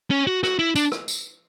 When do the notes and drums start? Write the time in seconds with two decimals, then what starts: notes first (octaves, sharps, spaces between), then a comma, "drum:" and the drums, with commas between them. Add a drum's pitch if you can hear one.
0.11 C#4
0.27 F#4
0.43 F#4, drum: rim click
0.59 E4
0.75 D4, drum: tambourine
0.92 drum: rim click
1.08 drum: tambourine